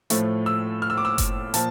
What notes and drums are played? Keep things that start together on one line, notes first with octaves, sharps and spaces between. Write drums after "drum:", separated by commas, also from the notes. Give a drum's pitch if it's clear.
A2 F3 A3, drum: hi-hat
E6
F6
E6
D6
E6
drum: kick F#1, hi-hat
A#2 F3 A5, drum: hi-hat